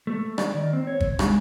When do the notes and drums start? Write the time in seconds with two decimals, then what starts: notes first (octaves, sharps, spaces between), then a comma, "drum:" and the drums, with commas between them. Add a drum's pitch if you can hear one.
0.07 A3
0.38 D5, drum: rim click
0.54 D#3
0.73 C4
0.87 C#5
1.00 drum: kick
1.19 G#3, drum: rim click